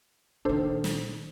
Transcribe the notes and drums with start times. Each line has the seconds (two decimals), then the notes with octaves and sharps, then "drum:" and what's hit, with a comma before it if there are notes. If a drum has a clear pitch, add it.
0.45 A#2 D#3 D4 A4 C5
0.84 drum: snare